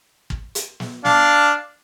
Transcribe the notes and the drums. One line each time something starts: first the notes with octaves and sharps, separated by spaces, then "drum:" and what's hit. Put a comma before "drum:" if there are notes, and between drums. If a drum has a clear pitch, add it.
drum: kick
drum: hi-hat
drum: snare
D4 F5 A5, drum: snare